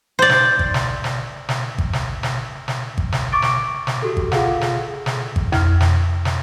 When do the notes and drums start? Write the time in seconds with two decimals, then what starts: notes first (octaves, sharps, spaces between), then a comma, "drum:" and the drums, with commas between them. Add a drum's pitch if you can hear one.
0.19 C5 D5
0.29 drum: snare
0.59 drum: kick G#1
0.74 drum: snare
1.04 drum: snare
1.49 drum: snare
1.78 drum: kick G#1
1.93 drum: snare
2.23 drum: snare
2.68 drum: snare
2.98 drum: kick G#1
3.12 drum: snare
3.32 C#6 D6 A6 D7
3.42 drum: snare
3.87 drum: snare
4.02 F#4 G4 A4
4.17 drum: kick G#1
4.32 F4 G#4 A4 F5 F#5, drum: snare
4.61 drum: snare
5.06 drum: snare
5.36 drum: kick G#1
5.52 F2 F6, drum: snare
5.81 drum: snare
6.25 drum: snare